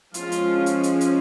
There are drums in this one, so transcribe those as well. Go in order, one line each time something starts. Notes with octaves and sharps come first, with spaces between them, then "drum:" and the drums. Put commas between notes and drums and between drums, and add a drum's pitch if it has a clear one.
F3 G#3 C#4 F4, drum: hi-hat
drum: hi-hat
drum: hi-hat
drum: hi-hat
drum: hi-hat